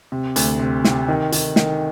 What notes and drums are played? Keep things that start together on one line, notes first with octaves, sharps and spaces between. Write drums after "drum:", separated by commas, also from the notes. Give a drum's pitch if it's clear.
C3
D2, drum: hi-hat
C3
C3, drum: snare
D#3
D#3, drum: hi-hat
D#3, drum: snare